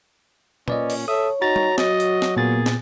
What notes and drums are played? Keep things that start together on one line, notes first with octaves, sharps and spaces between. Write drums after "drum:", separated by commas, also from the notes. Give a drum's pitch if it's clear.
A#2 C#4 B4 D5 D#5, drum: tom A#2
drum: open hi-hat
A4 C#5 E5 D#6
D#4 F#4 A#5 A6
drum: tom G3
F#3 D#5, drum: snare
drum: hi-hat
drum: snare
A#2 A#3 B3 G#4 A6
drum: snare